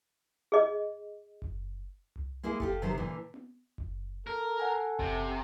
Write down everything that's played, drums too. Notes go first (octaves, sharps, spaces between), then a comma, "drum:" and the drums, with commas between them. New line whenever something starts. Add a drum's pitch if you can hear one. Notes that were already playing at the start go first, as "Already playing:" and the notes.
G#4 D#5
drum: kick F#1
drum: tom C2
G#3 A#3 E4 G#4
F4 G4 A4, drum: kick F#1
C3 D#3 F#3 D#4 A#4 C5
A#2 D3 E3
drum: tom B3
drum: kick F#1
A4 A#4
F#5 G#5
C3, drum: kick F#1